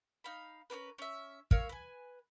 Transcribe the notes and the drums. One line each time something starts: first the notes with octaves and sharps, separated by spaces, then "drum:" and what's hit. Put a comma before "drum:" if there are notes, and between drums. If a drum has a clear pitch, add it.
D#4 F5 B5
C#4 D4 A#4 B4
C#4 E5
A#4 C#5 E5 F5, drum: kick
B4 G#5